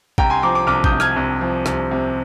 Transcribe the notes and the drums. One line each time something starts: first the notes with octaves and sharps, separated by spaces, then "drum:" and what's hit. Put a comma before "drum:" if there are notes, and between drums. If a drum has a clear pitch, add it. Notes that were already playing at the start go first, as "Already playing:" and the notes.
C2 G5 A#5, drum: kick A1
G#5 C6
F3 A#5 D6
A#5 D6
C2 D6 F6
D#6 G6, drum: kick A1
C3
F6 G#6, drum: rim click
C2
F3
C2, drum: rim click
C3